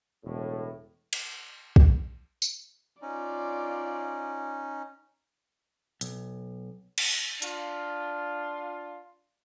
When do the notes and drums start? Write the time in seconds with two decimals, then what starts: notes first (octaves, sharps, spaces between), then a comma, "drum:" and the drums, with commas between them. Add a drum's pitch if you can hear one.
0.24 E1 A2
1.13 drum: cymbal
1.76 drum: kick
2.42 drum: tambourine
3.02 C#4 D#4 F4 D5
6.01 B1, drum: hi-hat
6.98 drum: cymbal
7.42 D4 F4, drum: hi-hat